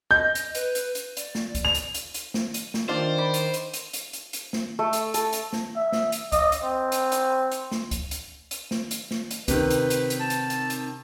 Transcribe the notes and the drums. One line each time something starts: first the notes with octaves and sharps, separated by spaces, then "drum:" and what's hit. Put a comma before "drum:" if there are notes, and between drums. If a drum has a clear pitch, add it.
D#5 G6
drum: hi-hat
B4, drum: hi-hat
drum: hi-hat
drum: hi-hat
D5, drum: hi-hat
drum: snare
drum: kick C#2, hi-hat
F7
drum: hi-hat
drum: hi-hat
drum: hi-hat
drum: snare
drum: hi-hat
drum: snare
D#3 D4 F4 C5 D5
D5 B5
drum: hi-hat
drum: hi-hat
drum: hi-hat
drum: hi-hat
drum: hi-hat
drum: hi-hat
drum: snare
A3
drum: hi-hat
A4, drum: hi-hat
drum: hi-hat
drum: snare
E5
drum: snare
drum: hi-hat
D#5, drum: kick C#2, hi-hat
drum: hi-hat
C4
drum: hi-hat
drum: hi-hat
drum: hi-hat
drum: snare
drum: kick C#2, hi-hat
drum: hi-hat
drum: hi-hat
drum: snare
drum: hi-hat
drum: snare
drum: hi-hat
C3 D#3 B4, drum: kick C#2, hi-hat
drum: hi-hat
drum: hi-hat
drum: hi-hat
A5
drum: hi-hat
drum: hi-hat
drum: hi-hat